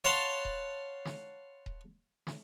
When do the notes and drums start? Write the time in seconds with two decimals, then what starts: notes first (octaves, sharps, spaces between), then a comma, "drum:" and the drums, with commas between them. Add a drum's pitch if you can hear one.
0.04 C#5 F5 F#5 A5 B5 C6
0.45 drum: kick D#1
1.05 drum: snare
1.66 drum: kick D#1
2.27 drum: snare